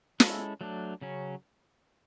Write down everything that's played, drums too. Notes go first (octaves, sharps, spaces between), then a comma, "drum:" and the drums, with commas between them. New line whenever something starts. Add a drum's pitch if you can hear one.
G#3 C#4 E4 A4, drum: snare
F#3 A3 D4
C#3 F#3 C#4